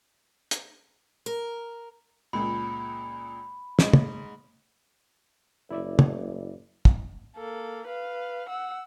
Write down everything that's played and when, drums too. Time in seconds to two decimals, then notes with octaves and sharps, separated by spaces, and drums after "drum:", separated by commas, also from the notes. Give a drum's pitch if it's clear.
0.51 drum: hi-hat
1.26 A#4
2.33 C#2 A#2 B5
3.79 G#2 D#5, drum: snare
3.93 drum: tom
5.71 F#1 E4 D5 E5
5.99 drum: tom
6.85 drum: kick
7.37 A#3 A4
7.87 B4 F5
8.49 F#5 E6